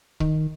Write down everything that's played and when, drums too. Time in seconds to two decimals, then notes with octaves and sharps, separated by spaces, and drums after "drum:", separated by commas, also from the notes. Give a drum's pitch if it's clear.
0.20 D#3, drum: kick C#1